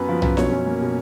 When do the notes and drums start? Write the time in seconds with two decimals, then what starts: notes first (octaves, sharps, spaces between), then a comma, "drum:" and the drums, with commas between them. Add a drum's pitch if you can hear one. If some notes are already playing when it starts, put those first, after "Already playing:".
Already playing: F#2 B3 B4
0.08 F3
0.22 F#2, drum: tom B1
0.37 B2 C#5, drum: snare D4
0.51 C#4
0.66 A#3
0.81 B2